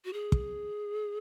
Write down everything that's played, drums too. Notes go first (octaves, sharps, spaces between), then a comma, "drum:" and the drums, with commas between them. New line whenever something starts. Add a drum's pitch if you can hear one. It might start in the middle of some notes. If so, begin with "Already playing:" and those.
F#4
G#4
drum: kick